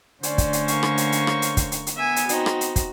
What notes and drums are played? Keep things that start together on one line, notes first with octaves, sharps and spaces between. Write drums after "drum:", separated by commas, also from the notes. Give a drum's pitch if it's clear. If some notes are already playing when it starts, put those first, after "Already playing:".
D3 A3 C#4 C5 D5, drum: hi-hat
drum: kick, hi-hat
drum: hi-hat
A#3 C#6, drum: hi-hat
drum: rim click
drum: hi-hat
drum: hi-hat
drum: rim click
drum: hi-hat
drum: kick, hi-hat
drum: hi-hat
drum: hi-hat
B3 E5 G#5
drum: hi-hat
C4 D#4 F#4, drum: hi-hat
drum: rim click
drum: hi-hat
drum: kick, hi-hat